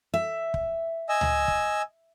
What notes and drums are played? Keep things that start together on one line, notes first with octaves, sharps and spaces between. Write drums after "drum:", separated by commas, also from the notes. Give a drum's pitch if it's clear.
E5
drum: kick
D#5 G#5 E6
drum: tom C#2
drum: kick